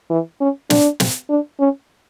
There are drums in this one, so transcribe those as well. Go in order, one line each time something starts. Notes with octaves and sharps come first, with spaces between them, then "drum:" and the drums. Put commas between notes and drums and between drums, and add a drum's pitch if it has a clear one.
E3
C#4
D4, drum: snare
drum: snare
D4
C#4